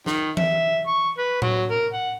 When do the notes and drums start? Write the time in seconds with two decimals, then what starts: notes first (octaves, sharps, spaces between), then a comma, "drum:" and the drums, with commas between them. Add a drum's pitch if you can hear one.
0.06 D#3, drum: snare
0.37 E5, drum: tom E3
0.87 C#6
1.18 B4
1.42 F#3, drum: tom A2
1.70 A#4
1.93 F#5